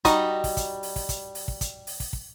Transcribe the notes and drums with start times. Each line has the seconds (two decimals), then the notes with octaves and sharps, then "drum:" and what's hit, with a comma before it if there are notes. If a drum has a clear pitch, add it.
0.05 G3 D#4 F#4 D#5, drum: kick, hi-hat
0.44 drum: kick, open hi-hat
0.57 drum: kick, hi-hat
0.83 drum: open hi-hat
0.96 drum: kick, open hi-hat
1.09 drum: kick, hi-hat
1.35 drum: open hi-hat
1.48 drum: kick
1.61 drum: kick, hi-hat
1.87 drum: open hi-hat
2.00 drum: kick, open hi-hat
2.13 drum: kick